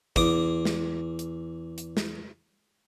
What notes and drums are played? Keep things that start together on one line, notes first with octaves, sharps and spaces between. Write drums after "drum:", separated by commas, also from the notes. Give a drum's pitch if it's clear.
E2 D6 D#6, drum: kick
drum: snare
drum: hi-hat
drum: hi-hat
drum: snare